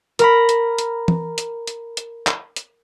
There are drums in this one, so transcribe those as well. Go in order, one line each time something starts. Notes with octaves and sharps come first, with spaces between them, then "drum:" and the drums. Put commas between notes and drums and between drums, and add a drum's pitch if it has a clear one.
A#4 A#5 B5, drum: hi-hat
drum: hi-hat
drum: hi-hat
drum: tom E3
drum: hi-hat
drum: hi-hat
drum: hi-hat
drum: clap
drum: hi-hat